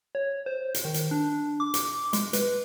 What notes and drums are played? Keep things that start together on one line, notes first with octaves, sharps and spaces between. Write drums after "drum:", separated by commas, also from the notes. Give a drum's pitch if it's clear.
C#5
C5
drum: hi-hat
D#3
drum: hi-hat
D4
D6
drum: hi-hat
G#3, drum: hi-hat
B4, drum: hi-hat